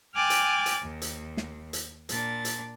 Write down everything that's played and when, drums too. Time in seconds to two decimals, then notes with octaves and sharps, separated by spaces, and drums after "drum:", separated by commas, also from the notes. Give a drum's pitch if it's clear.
0.14 G5 G#5 D6 F6 F#6 A6
0.30 drum: hi-hat
0.66 drum: hi-hat
0.79 D#2
1.02 drum: hi-hat
1.37 drum: snare
1.73 drum: hi-hat
2.09 A#2 D4 A6, drum: hi-hat
2.45 drum: hi-hat